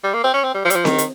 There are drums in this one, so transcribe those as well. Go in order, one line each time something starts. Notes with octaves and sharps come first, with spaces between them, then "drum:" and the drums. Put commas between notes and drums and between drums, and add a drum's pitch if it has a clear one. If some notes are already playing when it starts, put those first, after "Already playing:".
G3
A#3
C4
C#4
C4
G3
F3
G3, drum: hi-hat
F3
D#3, drum: snare C4
drum: hi-hat